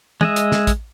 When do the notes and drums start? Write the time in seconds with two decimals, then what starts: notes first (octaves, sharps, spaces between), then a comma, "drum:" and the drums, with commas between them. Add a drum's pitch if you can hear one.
0.21 G#3 D#5 E5, drum: tom
0.36 drum: hi-hat
0.52 drum: snare
0.67 drum: kick, hi-hat